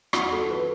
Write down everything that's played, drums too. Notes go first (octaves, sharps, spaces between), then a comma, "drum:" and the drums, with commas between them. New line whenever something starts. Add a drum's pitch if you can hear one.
E2 E3 F#4, drum: rim click
A4
B4